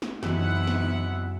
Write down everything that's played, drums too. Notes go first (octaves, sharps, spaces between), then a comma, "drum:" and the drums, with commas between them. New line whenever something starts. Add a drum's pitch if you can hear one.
drum: snare
F#1 C3 E3 B3 D#4 E4 E5 F#5, drum: snare
drum: snare